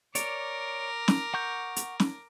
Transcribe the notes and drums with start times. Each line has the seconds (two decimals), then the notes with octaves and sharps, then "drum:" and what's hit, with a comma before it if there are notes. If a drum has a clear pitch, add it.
0.15 A#4 C#5 D5 D6, drum: hi-hat
1.08 drum: snare
1.34 F#5 C#6 G6
1.76 drum: hi-hat
2.00 drum: snare